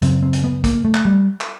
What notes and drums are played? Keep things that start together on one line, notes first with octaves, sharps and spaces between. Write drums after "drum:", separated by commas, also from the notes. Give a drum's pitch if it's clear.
F#2 C#3 C4, drum: hi-hat
C4
drum: hi-hat
B3
A#3, drum: kick, hi-hat
A3
drum: clap
G3
drum: clap